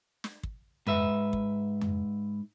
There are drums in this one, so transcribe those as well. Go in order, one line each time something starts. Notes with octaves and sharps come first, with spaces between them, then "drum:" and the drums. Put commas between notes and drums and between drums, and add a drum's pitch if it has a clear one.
drum: snare
drum: kick
G#2 B4 E5, drum: tom F2
drum: kick
drum: tom F2